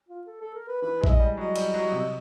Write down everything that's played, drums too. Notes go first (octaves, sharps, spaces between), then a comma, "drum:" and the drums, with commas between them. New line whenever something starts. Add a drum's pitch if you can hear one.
F4
A4
A4
A#4
B4
E3 B4
G#3
E5, drum: kick
D#5
G3
F#3 D#5
G3, drum: cymbal
F#3
C3